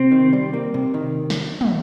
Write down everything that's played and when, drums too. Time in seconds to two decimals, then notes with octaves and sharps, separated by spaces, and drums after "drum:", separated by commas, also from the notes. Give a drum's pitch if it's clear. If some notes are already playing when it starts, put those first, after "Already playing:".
Already playing: C3 C4
0.11 D#3
0.33 G3
0.53 A#3
0.74 C3
0.94 D#3
1.30 drum: snare
1.61 drum: tom